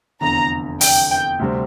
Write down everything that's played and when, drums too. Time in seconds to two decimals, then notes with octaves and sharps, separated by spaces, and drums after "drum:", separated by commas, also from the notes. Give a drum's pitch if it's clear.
0.21 F1 E2 D3 A#5
0.81 G5, drum: open hi-hat
1.10 G5
1.39 D2 C3 G3 C4